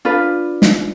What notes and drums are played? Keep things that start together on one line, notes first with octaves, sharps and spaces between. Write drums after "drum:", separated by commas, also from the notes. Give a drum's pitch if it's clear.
D4 F4 B4
drum: snare